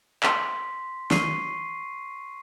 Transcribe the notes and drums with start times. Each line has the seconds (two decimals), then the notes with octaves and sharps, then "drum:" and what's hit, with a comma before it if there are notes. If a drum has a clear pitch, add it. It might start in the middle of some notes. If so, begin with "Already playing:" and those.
0.23 C6 B6, drum: clap
1.11 C#6 C7 D#7, drum: snare